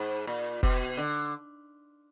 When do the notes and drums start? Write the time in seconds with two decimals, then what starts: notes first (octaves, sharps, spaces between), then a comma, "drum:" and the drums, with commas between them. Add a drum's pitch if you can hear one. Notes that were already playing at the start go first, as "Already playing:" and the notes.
Already playing: G#2
0.27 A#2
0.63 B2, drum: kick F1
0.97 D3